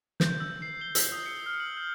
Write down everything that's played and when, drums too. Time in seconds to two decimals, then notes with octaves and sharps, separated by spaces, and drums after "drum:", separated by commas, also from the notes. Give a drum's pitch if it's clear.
0.20 G6, drum: snare
0.40 E6
0.62 C7
0.81 G7
0.95 E6, drum: hi-hat
1.12 D#6
1.26 C#7
1.46 F6
1.60 F#7
1.77 G6